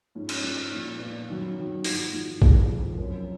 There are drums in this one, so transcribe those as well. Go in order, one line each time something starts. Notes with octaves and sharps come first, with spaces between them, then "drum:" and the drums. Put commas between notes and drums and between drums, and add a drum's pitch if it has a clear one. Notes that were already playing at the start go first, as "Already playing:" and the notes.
G#2 F3 C#4
C#4, drum: cymbal
G#2 F3
A#2 F3
A#2 F3 B3
F#2 D#3 F#3
F#2 D#3 F#3
G#2 F3 F#4, drum: open hi-hat
G#2 F3
F2 F3 G#4, drum: kick A#1
F2 F3
F#2 F3 A#4